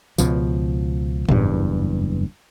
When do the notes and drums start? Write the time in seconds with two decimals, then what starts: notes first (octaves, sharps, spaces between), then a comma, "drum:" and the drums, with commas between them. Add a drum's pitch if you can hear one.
0.18 C#2 B2 F3, drum: tambourine
1.29 F#1 E2 G2, drum: tom